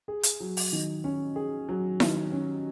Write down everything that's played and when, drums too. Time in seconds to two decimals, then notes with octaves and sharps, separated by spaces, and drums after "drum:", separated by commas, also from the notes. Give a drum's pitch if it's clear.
0.08 G#4
0.23 drum: hi-hat
0.40 F#3
0.57 drum: open hi-hat
0.73 D#3
1.04 C#4
1.36 G#4
1.69 F#3
2.00 D#3, drum: snare E4
2.32 C#4